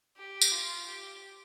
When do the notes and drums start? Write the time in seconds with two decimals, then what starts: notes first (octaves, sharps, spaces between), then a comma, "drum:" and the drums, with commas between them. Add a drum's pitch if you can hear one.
0.17 G4
0.41 drum: tambourine
0.51 F4
0.87 G4